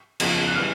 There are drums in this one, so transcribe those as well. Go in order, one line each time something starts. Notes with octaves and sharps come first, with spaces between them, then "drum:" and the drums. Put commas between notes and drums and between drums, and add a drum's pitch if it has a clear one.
F#1 E2 C#3 F3, drum: cymbal
F#6
E3 G3 F6